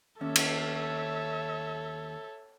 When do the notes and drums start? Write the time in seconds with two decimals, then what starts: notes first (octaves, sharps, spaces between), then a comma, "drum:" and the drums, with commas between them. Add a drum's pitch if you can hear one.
0.21 D#2 C#4 A4 C#5 E5
0.36 drum: cymbal